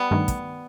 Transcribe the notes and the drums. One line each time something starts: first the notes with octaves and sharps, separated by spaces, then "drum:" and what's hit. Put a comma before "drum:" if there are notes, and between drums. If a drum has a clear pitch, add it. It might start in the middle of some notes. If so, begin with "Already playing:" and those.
Already playing: G3 B3
G2 D#3 A3
drum: kick, hi-hat